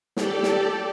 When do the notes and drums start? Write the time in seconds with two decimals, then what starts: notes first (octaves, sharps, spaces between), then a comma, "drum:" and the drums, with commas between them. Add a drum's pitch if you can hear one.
0.17 G4 A4 D5, drum: snare
0.43 drum: snare